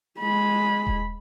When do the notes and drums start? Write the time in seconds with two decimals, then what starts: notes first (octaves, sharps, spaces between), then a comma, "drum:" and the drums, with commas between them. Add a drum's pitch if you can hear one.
0.19 G#3 B5
0.87 drum: kick D#1